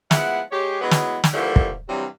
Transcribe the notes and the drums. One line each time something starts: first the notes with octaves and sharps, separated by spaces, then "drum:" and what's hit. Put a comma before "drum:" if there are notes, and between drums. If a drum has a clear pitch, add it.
F3 G#3 B3 E4 F#5, drum: snare
G#3 G4 C#5
E3 F#3 G#3 B3
drum: snare
drum: snare
D3 E3 F3 G3 A3 A#3
drum: kick
G2 C3 E3 F#3 G3